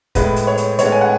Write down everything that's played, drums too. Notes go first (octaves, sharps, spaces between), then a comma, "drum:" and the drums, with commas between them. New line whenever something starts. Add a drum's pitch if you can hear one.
A2 G#3 B3 B4, drum: kick, hi-hat
drum: hi-hat
C#5
drum: hi-hat
A2 G#3 B3 C#5, drum: hi-hat
G#5
F#5